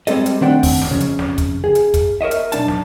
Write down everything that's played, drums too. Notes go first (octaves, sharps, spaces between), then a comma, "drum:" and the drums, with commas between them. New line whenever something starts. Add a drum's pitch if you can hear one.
G3 G#3 C4 A4 D#5, drum: hi-hat
drum: hi-hat
D#3 A3 C4 D4 F#5 G5
drum: kick, open hi-hat
drum: snare
F2 C#3
drum: hi-hat
drum: snare
drum: kick, hi-hat
G#4
drum: hi-hat
drum: kick, hi-hat
A#4 C#5 D#5 E5
drum: hi-hat
B1 F#2 D4 A5, drum: hi-hat
drum: snare